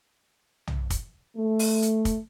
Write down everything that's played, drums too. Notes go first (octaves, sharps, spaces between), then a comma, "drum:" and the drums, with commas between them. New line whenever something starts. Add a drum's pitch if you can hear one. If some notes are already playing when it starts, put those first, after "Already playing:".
drum: tom
drum: kick, hi-hat
A3
drum: open hi-hat
drum: hi-hat
drum: kick, hi-hat